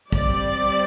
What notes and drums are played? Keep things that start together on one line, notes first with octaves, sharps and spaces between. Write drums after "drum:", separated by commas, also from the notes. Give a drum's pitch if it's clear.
G3 C4 D5, drum: kick